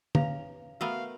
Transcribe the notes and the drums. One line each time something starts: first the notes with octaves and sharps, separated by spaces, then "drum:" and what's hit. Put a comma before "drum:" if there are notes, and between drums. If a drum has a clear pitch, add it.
C#4 B4 F5 A#5, drum: tom D3
A3 B3 F#4 A#4 E5 F5 C6